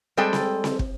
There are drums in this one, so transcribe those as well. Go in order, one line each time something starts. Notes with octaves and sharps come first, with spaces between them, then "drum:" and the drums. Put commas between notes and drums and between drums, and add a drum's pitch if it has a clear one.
G3 G#3 C4 G#4 A4 G5
drum: snare C4
drum: snare C4
drum: kick